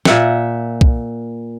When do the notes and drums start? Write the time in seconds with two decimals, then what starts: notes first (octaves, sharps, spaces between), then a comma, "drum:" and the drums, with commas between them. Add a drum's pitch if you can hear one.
0.05 A#2 E5 F#5, drum: snare
0.81 drum: kick